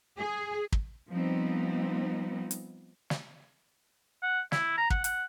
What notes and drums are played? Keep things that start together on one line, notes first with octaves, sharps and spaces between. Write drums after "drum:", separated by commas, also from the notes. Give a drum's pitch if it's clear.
G#4
drum: kick
F3 G3 B3 C4 D#4
drum: hi-hat
drum: snare
F#5
E4, drum: snare
A#5
F#5, drum: kick
F#5, drum: hi-hat